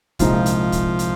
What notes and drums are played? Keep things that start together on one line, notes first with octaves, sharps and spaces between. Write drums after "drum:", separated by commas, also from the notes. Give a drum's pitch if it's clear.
C2 A#2 F3 G#3 C4 D#4, drum: kick, hi-hat
drum: hi-hat
drum: kick, hi-hat
drum: hi-hat